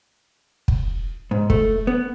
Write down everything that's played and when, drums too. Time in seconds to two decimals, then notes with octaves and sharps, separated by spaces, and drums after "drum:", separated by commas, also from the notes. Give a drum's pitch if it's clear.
0.68 drum: kick
1.31 G#2
1.50 A3, drum: kick
1.87 B3